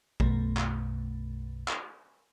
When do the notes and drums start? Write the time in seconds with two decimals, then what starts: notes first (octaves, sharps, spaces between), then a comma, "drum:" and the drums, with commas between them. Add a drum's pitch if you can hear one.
0.20 B1 F#2 B2 A3, drum: kick
0.57 drum: clap
1.68 drum: clap